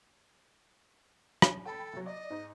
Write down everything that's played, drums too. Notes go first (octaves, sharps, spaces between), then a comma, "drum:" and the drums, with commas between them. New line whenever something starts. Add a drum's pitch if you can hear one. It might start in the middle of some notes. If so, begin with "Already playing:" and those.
drum: rim click
A4 G5 A5 B5
C2 F#3
D5 D#5
G#2 D#4